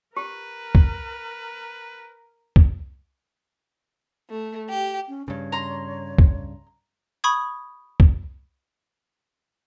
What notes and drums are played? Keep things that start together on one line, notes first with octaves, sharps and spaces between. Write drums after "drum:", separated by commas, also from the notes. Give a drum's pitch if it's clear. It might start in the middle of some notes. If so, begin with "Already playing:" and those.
G4 A#4 B4
drum: kick
drum: kick
A3
G4
C#4
G2 C#3 C#5
A#5 C6
drum: kick
B5 C#6 D#6 G#6
drum: kick